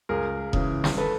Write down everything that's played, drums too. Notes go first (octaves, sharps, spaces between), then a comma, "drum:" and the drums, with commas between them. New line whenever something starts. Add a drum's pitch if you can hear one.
C#2 G#4 A#4
C#3 E3, drum: kick E1
drum: snare
A4 B4